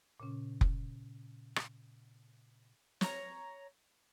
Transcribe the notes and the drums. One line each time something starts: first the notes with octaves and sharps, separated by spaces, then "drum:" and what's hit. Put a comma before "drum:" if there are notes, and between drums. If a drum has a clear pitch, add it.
A#2 C#3 C#4
drum: kick F1
drum: rim click
C#5 A#5, drum: snare